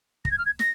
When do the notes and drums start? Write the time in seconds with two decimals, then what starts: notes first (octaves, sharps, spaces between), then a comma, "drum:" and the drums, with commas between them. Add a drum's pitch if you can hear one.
0.25 A#6, drum: kick
0.31 G#6
0.38 F6
0.45 G#6
0.59 A#6, drum: snare